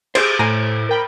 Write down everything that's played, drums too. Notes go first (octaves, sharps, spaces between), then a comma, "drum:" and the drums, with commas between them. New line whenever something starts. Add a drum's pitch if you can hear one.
G4 G#4 C5, drum: cymbal
A2 C5 G#5 A#5
A#4 G5 B5